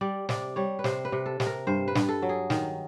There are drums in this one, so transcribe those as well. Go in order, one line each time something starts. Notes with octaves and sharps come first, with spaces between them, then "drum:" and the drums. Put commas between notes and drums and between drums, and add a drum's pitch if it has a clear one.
G3 D5
C3 D5, drum: snare
G3 C#5
B4
C3 C5, drum: snare
B4
C3
A4
C3, drum: snare
A#4
G2 C5
B4
G2, drum: snare
A4
F#3
G#4
D#3, drum: snare